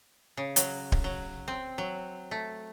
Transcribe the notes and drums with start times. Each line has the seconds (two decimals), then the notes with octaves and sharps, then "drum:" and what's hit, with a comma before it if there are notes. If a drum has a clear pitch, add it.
0.37 C#3
0.56 F#3, drum: hi-hat
0.92 drum: kick D1
1.04 F#3
1.48 C4
1.78 F#3
2.31 A3